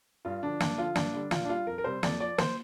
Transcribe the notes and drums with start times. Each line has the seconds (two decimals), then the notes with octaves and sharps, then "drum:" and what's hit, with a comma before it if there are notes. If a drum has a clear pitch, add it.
0.25 G2 F4
0.43 D3 F3 D4
0.60 G2 D4, drum: snare
0.78 D3 F3 F4
0.95 G2 D4, drum: snare
1.14 D3 G3
1.31 A#2 F4, drum: snare
1.45 D4
1.49 G3 F4
1.67 F2 A#4
1.78 A#4
1.84 C3 G3 C5
2.03 F2 D5, drum: snare
2.20 F3 D5
2.38 C5, drum: snare